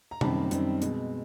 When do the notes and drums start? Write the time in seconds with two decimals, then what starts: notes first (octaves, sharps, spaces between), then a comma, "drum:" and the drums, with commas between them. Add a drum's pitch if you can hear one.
0.11 A#5
0.21 F#2 D#3 G3 C4 A5 B5, drum: tom
0.51 F#2 D#3 G3 C4, drum: hi-hat
0.82 B2 G#3 C4, drum: hi-hat